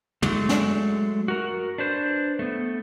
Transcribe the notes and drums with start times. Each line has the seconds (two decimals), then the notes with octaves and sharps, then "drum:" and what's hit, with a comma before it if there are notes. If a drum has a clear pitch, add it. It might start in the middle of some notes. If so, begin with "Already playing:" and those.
0.22 F#3 G#3 A3, drum: tom
0.49 drum: snare
1.28 F#4 A#4
1.78 D4 B4 C5
2.39 A3 B3